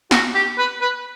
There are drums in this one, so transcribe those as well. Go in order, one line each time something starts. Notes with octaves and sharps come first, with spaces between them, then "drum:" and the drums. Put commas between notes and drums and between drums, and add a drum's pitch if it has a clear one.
F#4, drum: snare
G4
B4
B4